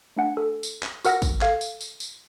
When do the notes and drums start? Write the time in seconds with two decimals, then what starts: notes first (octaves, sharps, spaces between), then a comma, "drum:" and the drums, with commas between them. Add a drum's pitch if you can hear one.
0.16 A3 D4 F#5 G#5
0.37 A4
0.63 drum: tambourine
0.83 drum: clap
1.05 F#4 A#4 F#5 E6 F6 A#6, drum: tambourine
1.22 drum: kick, tambourine
1.41 A4 F5 G#6, drum: clap
1.61 drum: tambourine
1.81 drum: tambourine
2.00 drum: tambourine